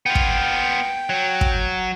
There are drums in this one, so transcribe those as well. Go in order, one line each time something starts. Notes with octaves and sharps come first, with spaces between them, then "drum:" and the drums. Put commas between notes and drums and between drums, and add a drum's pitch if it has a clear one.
B3 F4 G5
drum: kick
F#3
drum: kick